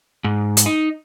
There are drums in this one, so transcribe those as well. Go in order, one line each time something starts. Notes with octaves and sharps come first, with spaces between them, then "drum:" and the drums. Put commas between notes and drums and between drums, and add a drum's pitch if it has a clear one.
G#2
drum: hi-hat
D#4